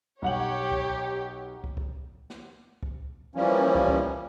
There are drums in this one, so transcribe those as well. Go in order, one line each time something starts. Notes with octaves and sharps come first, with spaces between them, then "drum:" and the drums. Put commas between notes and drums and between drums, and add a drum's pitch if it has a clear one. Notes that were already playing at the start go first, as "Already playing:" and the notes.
B1 G4 C#5 F#5 F#7
drum: kick
drum: kick
drum: kick
drum: snare
drum: kick
E3 F3 G3 A#3 C#4
drum: kick
drum: kick